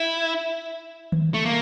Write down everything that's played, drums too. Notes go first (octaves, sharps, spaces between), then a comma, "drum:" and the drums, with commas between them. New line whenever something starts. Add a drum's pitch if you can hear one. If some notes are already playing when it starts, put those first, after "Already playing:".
Already playing: E4
drum: tom D#3
A3
A#3